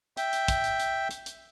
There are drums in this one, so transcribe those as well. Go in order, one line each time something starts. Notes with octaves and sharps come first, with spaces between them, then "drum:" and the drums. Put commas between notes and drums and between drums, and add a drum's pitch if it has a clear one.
E5 G5, drum: hi-hat
drum: hi-hat
drum: kick, hi-hat
drum: hi-hat
drum: hi-hat
drum: hi-hat
drum: hi-hat